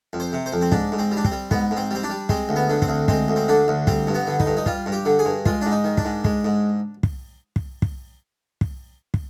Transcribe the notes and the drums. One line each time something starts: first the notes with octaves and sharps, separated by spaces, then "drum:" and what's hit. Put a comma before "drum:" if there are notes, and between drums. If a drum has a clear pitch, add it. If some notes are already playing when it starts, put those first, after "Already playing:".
F2
C5
C3
C5
F2
C4
G#2 D4, drum: kick
G#2
C4
G3
D4
C4, drum: kick
G3
G#2 B3, drum: kick
G#2
C4
G3 C4
D4
G3
G#3 C4, drum: kick
D2
B3
D3
C4, drum: kick
D2
G#3 C4, drum: kick
D2
C4
D3 D4
D2
G3 C4, drum: kick
G2
B3
D3
D#4, drum: kick
G2
D#4
G3 F4, drum: kick
G2
G4
D3
G#4
G2
G#3 F4, drum: kick
G#2 D4
D#4
D#3
D4, drum: kick
G#2
G#3, drum: kick
G#2
drum: kick
drum: kick
drum: kick
drum: kick
drum: kick